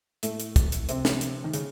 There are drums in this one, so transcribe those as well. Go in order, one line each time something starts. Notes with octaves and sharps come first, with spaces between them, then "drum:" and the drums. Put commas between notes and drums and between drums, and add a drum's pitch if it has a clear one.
A2 A3, drum: hi-hat
drum: hi-hat
drum: kick, hi-hat
drum: hi-hat
C3 C4, drum: hi-hat
drum: snare
drum: hi-hat
D#3
C#3, drum: hi-hat